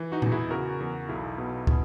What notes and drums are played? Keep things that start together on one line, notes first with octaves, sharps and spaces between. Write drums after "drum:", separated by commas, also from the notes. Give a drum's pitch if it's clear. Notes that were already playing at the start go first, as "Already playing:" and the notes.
Already playing: E3
D#4 F#4
E2, drum: tom A#2
E4 G#4
C#3 F#4 A#4
E2
B1 E4 G#4
B2
B2 E4 G#4, drum: kick